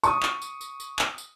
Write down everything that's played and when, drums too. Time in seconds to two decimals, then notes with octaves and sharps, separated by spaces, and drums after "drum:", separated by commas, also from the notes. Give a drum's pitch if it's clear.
0.03 C#6 D#6, drum: tambourine
0.23 drum: clap
0.42 drum: tambourine
0.61 drum: tambourine
0.80 drum: tambourine
0.99 drum: clap
1.18 drum: tambourine